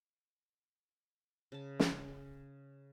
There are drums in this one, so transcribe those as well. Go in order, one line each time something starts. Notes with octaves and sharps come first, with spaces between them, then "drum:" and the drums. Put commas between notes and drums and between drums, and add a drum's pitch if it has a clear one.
C#3 A5
drum: snare